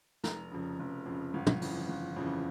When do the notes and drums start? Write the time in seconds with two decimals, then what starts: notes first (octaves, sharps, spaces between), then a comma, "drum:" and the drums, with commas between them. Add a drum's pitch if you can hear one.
0.24 F1 A#5, drum: snare
0.51 F2 C#3
0.80 F1
1.06 F2 C#3
1.34 G1
1.46 drum: tom
1.62 F2 C#3 E3, drum: open hi-hat
1.89 G1
2.16 F2 C#3 E3